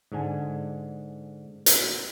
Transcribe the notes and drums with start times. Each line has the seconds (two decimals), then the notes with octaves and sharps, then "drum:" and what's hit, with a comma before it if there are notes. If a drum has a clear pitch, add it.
0.12 G#2 D3 G#5
1.66 drum: hi-hat